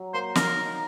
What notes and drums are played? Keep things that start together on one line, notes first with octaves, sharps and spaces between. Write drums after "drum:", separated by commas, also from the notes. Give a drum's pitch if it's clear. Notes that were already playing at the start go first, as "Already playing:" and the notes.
Already playing: F#3
A#3 C5
A#3 A#4, drum: snare
D#4